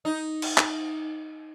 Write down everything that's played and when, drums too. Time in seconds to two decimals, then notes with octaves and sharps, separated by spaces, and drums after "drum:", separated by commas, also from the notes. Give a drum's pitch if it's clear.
0.05 D#4
0.42 drum: cymbal
0.58 drum: clap